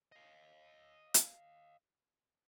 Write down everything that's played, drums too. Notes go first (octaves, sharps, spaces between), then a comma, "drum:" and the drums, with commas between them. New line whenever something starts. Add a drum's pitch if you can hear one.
D#5 F5
drum: hi-hat